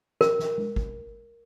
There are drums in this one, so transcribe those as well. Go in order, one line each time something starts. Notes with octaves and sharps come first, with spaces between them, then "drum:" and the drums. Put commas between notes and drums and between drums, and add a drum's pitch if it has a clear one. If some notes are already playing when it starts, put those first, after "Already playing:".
A#4, drum: snare
drum: snare
drum: tom G#3
drum: kick